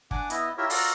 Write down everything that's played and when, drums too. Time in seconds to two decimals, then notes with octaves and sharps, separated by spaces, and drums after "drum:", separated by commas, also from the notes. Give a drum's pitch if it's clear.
0.11 D4 F#5 G#5 D6, drum: kick
0.30 B3 E4 D#5, drum: hi-hat
0.58 E4 F4 G4 A#4 C#5 E5
0.70 F4 F#4 A4 A#4 D5, drum: open hi-hat